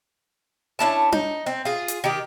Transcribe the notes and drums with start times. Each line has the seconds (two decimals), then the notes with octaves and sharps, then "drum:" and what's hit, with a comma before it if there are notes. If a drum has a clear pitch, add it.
0.79 C#4 D4 E4 A5
1.12 D#4, drum: tom D4
1.46 C4
1.65 F4 G#4
1.88 drum: hi-hat
2.04 D#3 G4